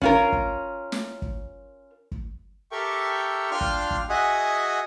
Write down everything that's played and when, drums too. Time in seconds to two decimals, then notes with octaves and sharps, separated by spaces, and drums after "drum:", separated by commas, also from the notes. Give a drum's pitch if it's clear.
0.02 C#4 F4 A#4, drum: kick
0.32 drum: kick
0.92 drum: snare
1.22 drum: kick
2.12 drum: kick
2.71 G4 A4 A#4 E5 G5 C#6
3.51 D4 F4 G5 C6 F6
3.61 drum: kick
3.91 drum: kick
4.09 F#4 G#4 D#5 E5 F#5 G#5